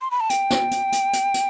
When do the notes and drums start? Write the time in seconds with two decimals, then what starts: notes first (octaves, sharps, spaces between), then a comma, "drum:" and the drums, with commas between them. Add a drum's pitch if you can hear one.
0.01 C6
0.11 B5
0.20 A5
0.30 G5, drum: hi-hat
0.50 drum: snare
0.71 drum: hi-hat
0.92 drum: hi-hat
1.13 drum: hi-hat
1.34 drum: hi-hat